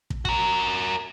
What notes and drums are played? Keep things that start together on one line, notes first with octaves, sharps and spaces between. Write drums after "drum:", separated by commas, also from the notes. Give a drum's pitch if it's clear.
drum: kick
F#4 A#4, drum: kick